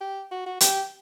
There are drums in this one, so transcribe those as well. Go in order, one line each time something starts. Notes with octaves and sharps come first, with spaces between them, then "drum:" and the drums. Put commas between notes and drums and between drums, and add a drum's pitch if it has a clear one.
G4
F#4
F#4
G4, drum: hi-hat